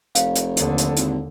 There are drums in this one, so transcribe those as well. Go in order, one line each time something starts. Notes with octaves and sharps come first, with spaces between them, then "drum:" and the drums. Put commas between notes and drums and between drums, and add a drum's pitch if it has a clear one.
F1 F5, drum: hi-hat
drum: hi-hat
D#2 D3, drum: hi-hat
drum: hi-hat
G#1, drum: hi-hat